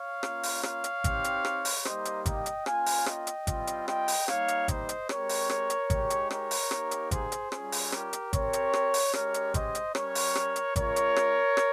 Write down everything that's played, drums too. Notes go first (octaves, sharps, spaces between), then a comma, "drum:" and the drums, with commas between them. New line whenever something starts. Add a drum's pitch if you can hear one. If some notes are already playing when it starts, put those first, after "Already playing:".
Already playing: C#5 F5
A#3 C#4 F4, drum: rim click
drum: open hi-hat
C#5 F5, drum: rim click
drum: hi-hat
C4 D#4 G4, drum: kick, hi-hat
drum: hi-hat
drum: rim click
drum: open hi-hat
G3 A#3 D#4 G4 C5 D#5, drum: rim click
drum: hi-hat
D#5 G5, drum: kick, hi-hat
drum: hi-hat
A#3 C#4 F4 F5 G#5, drum: rim click
drum: open hi-hat
D#5 G5, drum: rim click
drum: hi-hat
G3 C4 F4, drum: kick, hi-hat
drum: hi-hat
D#5 G5, drum: rim click
drum: open hi-hat
G3 A#3 D#4 G4 C#5 F5, drum: rim click
drum: hi-hat
C5 D#5, drum: kick, hi-hat
drum: hi-hat
G#3 C4 G4 A#4 C#5, drum: rim click
drum: open hi-hat
drum: rim click
drum: hi-hat
G#3 D#4 G4, drum: kick, hi-hat
drum: hi-hat
A#4 C#5, drum: rim click
drum: open hi-hat
A#3 D#4 G4, drum: rim click
drum: hi-hat
G#4 C5, drum: kick, hi-hat
drum: hi-hat
G3 C#4 F4 G#4, drum: rim click
drum: open hi-hat
G4 A#4, drum: rim click
drum: hi-hat
C4 G4 A#4 C#5, drum: kick, hi-hat
drum: hi-hat
drum: rim click
drum: open hi-hat
G#3 C#4 G4 A#4 C#5, drum: rim click
drum: hi-hat
C5 D#5, drum: kick, hi-hat
drum: hi-hat
G3 C#4 G4 A#4 C#5, drum: rim click
drum: open hi-hat
drum: rim click
drum: hi-hat
G#3 C#4 F4 A#4 C#5, drum: kick, hi-hat
drum: hi-hat
drum: rim click
drum: rim click